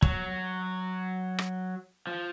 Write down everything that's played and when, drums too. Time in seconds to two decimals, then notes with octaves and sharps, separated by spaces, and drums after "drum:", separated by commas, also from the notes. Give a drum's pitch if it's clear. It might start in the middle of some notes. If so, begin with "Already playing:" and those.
0.02 F#3, drum: kick
1.38 drum: rim click
2.07 F3